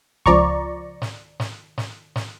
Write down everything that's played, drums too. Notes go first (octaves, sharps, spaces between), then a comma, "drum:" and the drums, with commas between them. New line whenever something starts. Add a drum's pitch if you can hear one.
C#2 F3 D5 A#5 C#6, drum: kick
drum: snare
drum: snare
drum: snare
drum: snare